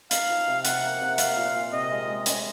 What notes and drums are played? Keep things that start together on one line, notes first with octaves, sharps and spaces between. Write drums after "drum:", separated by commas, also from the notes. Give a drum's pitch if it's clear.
D#4 F5, drum: hi-hat
F3
C3
C3 F#5, drum: hi-hat
A#3
C3
C4 F5, drum: hi-hat
A#2
A#2
C3 D#5
G#3
G#3
C#4, drum: hi-hat